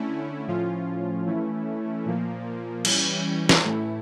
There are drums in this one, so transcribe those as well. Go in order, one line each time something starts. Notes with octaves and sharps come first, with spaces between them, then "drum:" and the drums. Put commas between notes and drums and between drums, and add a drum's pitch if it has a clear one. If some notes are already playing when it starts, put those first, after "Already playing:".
Already playing: D3 A3 C#4 E4
A2 F3 C#4 F4
E3 A3 C#4 E4
A#2 F3 A#3
E3 G3 C#4, drum: cymbal
drum: snare
A2 E3 A3 E4